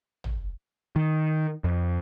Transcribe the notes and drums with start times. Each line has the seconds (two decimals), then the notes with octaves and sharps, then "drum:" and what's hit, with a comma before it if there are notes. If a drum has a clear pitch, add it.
0.24 drum: tom
0.96 D#3
1.64 F2